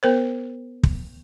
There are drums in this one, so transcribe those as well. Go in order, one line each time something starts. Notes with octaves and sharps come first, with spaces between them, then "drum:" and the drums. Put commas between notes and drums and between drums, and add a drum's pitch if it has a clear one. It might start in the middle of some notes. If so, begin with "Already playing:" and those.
B3 A#4 C5
drum: kick